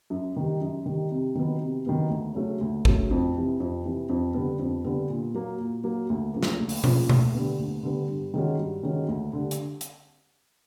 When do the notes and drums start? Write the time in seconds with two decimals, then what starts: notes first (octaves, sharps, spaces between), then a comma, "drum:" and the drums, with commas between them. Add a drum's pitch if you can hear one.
0.10 F#2
0.36 D#3 G3
0.61 F#2
0.86 D#3 G3
1.11 C3
1.35 D#3 F#3 B3
1.61 C3
1.86 D#3 F#3 B3
2.10 D2
2.35 C#3 F#3 A3 C#4
2.61 D2
2.85 C#3 F#3 A3 C#4, drum: kick
3.11 F2
3.36 C3 E3
3.60 F2
3.84 C3 E3
4.09 F2
4.34 D3 G3 B3
4.59 F2
4.84 D3 G3 B3
5.09 A#2
5.34 F#3 A#3
5.59 A#2
5.84 F#3 A#3
6.10 D2
6.34 C#3 F3 A#3
6.43 drum: snare
6.60 D2
6.69 drum: open hi-hat
6.84 C#3 F3 A#3, drum: tom B2
7.10 D2, drum: tom B2
7.34 D3 G3 B3
7.59 D2
7.83 D3 G3 B3
8.08 G2
8.34 D#3 G#3 C#4 F#4
8.59 G2
8.83 D#3 G#3 C#4 F#4
9.08 D2
9.33 D3 G3
9.51 drum: hi-hat
9.81 drum: hi-hat